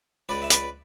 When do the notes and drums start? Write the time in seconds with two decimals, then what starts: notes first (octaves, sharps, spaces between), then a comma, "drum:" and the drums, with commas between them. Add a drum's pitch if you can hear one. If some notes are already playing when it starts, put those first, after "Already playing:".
0.29 C#2 B4 D5
0.42 E5
0.50 B4 D5, drum: hi-hat